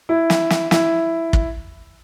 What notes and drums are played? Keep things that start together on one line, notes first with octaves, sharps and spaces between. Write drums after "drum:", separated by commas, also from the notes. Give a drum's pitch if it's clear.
E4
drum: snare
drum: snare
E4, drum: snare
drum: kick